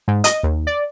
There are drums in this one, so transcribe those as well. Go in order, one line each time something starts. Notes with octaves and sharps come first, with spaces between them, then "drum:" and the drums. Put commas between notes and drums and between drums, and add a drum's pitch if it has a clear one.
G#2
D#5, drum: hi-hat
D#2
D5